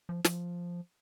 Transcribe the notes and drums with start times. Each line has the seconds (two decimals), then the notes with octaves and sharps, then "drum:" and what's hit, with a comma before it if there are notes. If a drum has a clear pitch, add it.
0.09 F3
0.24 F3, drum: snare